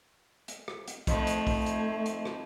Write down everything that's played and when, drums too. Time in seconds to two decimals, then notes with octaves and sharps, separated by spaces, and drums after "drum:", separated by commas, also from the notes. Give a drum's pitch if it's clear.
0.48 drum: hi-hat
0.68 drum: rim click
0.88 drum: hi-hat
1.07 F2 D#3 F3 A3, drum: kick, hi-hat
1.27 drum: hi-hat
1.47 drum: kick, open hi-hat
1.66 drum: hi-hat
2.06 drum: hi-hat
2.25 drum: rim click